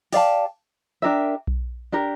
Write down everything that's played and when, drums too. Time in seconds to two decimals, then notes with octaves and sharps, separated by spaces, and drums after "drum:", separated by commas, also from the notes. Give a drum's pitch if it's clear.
0.12 G4 D5 F5 A5, drum: open hi-hat
1.02 D4 G4 A#4 E5
1.47 drum: kick B1
1.92 D4 G4 A#4